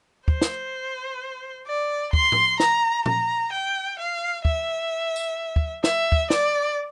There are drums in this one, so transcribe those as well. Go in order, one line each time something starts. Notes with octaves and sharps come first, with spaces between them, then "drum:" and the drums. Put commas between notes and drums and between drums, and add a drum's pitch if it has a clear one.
C5, drum: kick
drum: snare
D5
C6, drum: kick
drum: tom A2
A#5, drum: snare
A#5, drum: tom A#2
G5
F5
E5, drum: kick
drum: tambourine
drum: kick
E5, drum: snare
drum: kick
D5, drum: snare